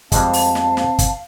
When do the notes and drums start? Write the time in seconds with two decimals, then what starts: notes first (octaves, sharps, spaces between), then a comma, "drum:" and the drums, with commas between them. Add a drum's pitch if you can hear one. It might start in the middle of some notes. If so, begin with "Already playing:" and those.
0.12 F2 G3 G#3 C4 F5 A5, drum: kick, hi-hat
0.33 drum: open hi-hat
0.55 drum: snare
0.77 drum: snare
0.99 drum: kick, hi-hat